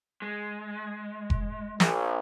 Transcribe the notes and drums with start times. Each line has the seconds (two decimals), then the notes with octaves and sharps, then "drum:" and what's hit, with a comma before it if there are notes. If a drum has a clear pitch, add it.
0.22 G#3
1.30 drum: kick F1
1.80 A#1, drum: snare